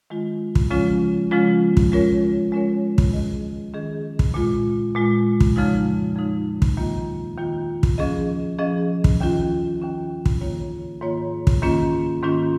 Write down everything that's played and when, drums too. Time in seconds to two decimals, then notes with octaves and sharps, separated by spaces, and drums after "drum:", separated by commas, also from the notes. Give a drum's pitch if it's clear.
0.10 D#3 G#3 F4
0.55 drum: kick
0.71 C#3 F3 G#3 C#4 F4
1.31 C#3 F3 G#3 C#4 F4
1.77 drum: kick
1.92 G#3 C#4 F4 A#4 C#5
2.52 G#3 C#4 F4 A#4 C#5
2.98 drum: kick
3.13 D#3 C#4 G#4 D#5
3.74 D#3 C#4 G#4 D#5
4.19 drum: kick
4.34 A#2 G#3 F4
4.95 A#2 G#3 F4
5.40 drum: kick
5.56 F2 C#3 F3 G#3 D#4
6.16 F2 C#3 F3 G#3 D#4
6.62 drum: kick
6.77 D#2 D#3 A#3 F4
7.37 D#2 D#3 A#3 F4
7.83 drum: kick
7.98 F3 C#4 G#4 D#5
8.58 F3 C#4 G#4 D#5
9.04 drum: kick
9.20 D#2 D#3 C#4 F4
9.80 D#2 D#3 C#4 F4
10.26 drum: kick
10.41 G#2 D#3 A#3 F4 C#5
11.01 G#2 D#3 A#3 F4 C#5
11.47 drum: kick
11.62 G#2 D#3 A#3 C#4 F4
12.22 G#2 D#3 A#3 C#4 F4